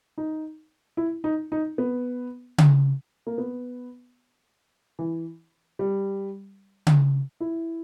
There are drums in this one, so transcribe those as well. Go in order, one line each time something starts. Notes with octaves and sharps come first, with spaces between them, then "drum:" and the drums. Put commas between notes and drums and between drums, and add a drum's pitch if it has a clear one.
D#4
E4
D#4
D#4
B3
drum: tom C#3
A#3
B3
E3
G3
drum: tom C#3
E4